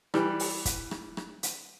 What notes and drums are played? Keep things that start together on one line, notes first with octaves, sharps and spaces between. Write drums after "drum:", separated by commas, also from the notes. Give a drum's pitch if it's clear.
E3 G3, drum: rim click
drum: open hi-hat
drum: kick, hi-hat
drum: rim click
drum: rim click
drum: hi-hat